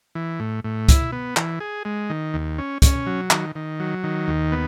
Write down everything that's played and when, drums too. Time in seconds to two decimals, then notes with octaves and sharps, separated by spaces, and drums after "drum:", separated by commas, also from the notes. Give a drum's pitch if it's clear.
0.15 E3
0.40 A2
0.64 A2
0.89 E4, drum: kick, hi-hat
1.12 B3
1.37 E3, drum: clap
1.60 G#4
1.85 G#3
2.10 D#3
2.34 D#2
2.58 C#4
2.82 C#4, drum: kick, hi-hat
3.07 F#3
3.31 D#3, drum: clap
3.56 D#3
3.80 F#3
4.04 D#3
4.28 D#2
4.52 B3